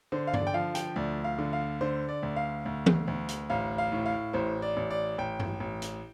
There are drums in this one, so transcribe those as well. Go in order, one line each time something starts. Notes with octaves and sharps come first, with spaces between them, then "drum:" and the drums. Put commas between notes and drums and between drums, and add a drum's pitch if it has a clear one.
D3 C5
F5
D5, drum: tom G2
G5
F3 F5
G5, drum: hi-hat
D2 D5
F5
D3
F5
D3 C5
D5
D2
F5
D2
drum: tom E3
D2
drum: hi-hat
A1 F5
F5
A2
F5
A1 C5
D5
A1
D5
A1 G5
drum: tom G2
A1
drum: hi-hat